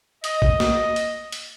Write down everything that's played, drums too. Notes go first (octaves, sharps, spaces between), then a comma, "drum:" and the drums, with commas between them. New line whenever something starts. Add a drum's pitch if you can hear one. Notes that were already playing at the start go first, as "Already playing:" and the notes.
D#5, drum: hi-hat
drum: kick
drum: snare A#3
drum: hi-hat
drum: hi-hat